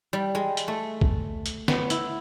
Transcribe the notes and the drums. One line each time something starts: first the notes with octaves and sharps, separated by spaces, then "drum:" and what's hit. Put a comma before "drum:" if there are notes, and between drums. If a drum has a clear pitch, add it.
G3
G#3
drum: hi-hat
A3
drum: kick
drum: hi-hat
B3, drum: snare
E4, drum: hi-hat